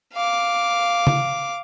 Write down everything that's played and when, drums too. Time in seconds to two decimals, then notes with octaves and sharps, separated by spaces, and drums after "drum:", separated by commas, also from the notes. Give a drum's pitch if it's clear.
0.14 F5 D6
1.07 drum: tom